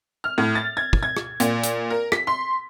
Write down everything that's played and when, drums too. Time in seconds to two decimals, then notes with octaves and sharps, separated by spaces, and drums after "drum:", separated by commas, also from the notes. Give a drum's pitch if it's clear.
0.24 F6
0.38 A2
0.55 A6
0.77 G#6
0.93 drum: kick
1.03 G#6
1.17 drum: rim click
1.40 A#2, drum: hi-hat
1.64 drum: hi-hat
1.90 A#4
2.12 B6, drum: rim click
2.27 C6